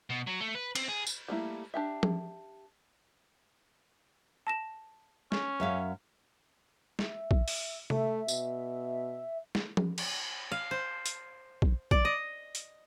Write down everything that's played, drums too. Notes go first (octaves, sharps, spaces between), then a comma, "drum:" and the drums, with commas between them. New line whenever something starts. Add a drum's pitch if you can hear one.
B2
F#3
A3
B4
C4, drum: cymbal
G#4
drum: tambourine
G3 A3 A#3 E4
D4 G4 E5
drum: tom F3
A5 A#6 E7
C#4, drum: snare
F#2 E5 F5
E5, drum: snare
drum: kick A#1
drum: open hi-hat
A3 E5, drum: tom C3
B2, drum: tambourine
drum: snare
drum: tom F3
drum: cymbal
F5
C5
drum: hi-hat
drum: kick A#1
D5, drum: kick A#1
D#5
drum: hi-hat